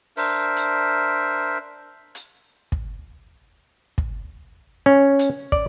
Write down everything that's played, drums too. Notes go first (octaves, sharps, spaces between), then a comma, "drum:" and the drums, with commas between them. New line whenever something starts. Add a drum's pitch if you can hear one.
D4 A#4 C5 E5, drum: open hi-hat
drum: hi-hat
drum: hi-hat
drum: kick
drum: kick
C#4
drum: hi-hat
D5, drum: kick